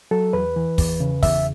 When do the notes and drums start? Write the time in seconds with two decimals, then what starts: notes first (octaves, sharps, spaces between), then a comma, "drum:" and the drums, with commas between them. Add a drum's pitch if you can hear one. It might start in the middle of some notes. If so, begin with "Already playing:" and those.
0.11 F#3 A4
0.33 E2 B4
0.56 E3
0.78 E2, drum: kick, open hi-hat
1.00 C#3
1.23 E2 E5, drum: kick, open hi-hat